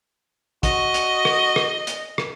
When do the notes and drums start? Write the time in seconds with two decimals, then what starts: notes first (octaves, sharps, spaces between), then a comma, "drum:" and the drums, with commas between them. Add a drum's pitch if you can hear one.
0.63 F#4 D#5, drum: kick, hi-hat
0.94 drum: hi-hat
1.25 drum: rim click
1.56 drum: rim click
1.87 drum: hi-hat
2.18 drum: rim click